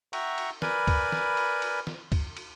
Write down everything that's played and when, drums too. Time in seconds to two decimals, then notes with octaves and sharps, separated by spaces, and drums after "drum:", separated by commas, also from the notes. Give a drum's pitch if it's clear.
0.13 E5 F#5 G5 A#5 C#6, drum: cymbal
0.38 drum: cymbal
0.62 A#4 B4 D5 G#5 B5, drum: snare
0.88 drum: kick C#2, cymbal
1.12 drum: snare
1.37 drum: cymbal
1.62 drum: cymbal
1.87 drum: snare
2.12 drum: kick C#2, cymbal
2.37 drum: cymbal